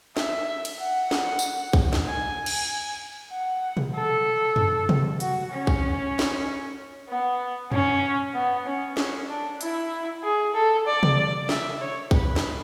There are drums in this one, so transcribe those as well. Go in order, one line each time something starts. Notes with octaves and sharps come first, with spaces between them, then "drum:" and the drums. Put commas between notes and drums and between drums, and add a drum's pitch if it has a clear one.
E5, drum: snare
drum: cymbal
F#5
drum: snare
drum: tambourine
drum: kick
drum: snare
G#5
drum: cymbal
F#5
drum: tom B2
A4
drum: tom F#2
drum: tom C3
F#4, drum: hi-hat
C#4
drum: kick
drum: snare
B3
C#4, drum: tom F#2
B3
C#4
C#4, drum: snare
D4
E4, drum: hi-hat
G#4
A4
D5
drum: tom C3
E5, drum: snare
C#5
B4, drum: kick
drum: snare